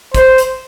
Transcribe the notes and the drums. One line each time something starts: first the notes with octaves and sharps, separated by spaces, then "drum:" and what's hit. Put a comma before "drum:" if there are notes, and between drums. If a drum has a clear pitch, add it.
C5, drum: kick, hi-hat
drum: hi-hat